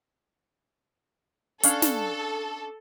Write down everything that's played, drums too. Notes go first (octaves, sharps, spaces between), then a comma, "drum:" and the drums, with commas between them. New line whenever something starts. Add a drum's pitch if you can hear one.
C#4 D4 A4 F5, drum: hi-hat
drum: snare